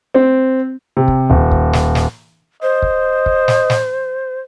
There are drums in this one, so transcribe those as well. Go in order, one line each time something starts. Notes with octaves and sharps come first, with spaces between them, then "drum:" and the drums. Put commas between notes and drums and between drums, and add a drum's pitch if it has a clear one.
C4
C3
drum: kick
D#1
drum: kick
drum: snare
drum: snare
C5 D#5
drum: kick
drum: kick
drum: snare
drum: snare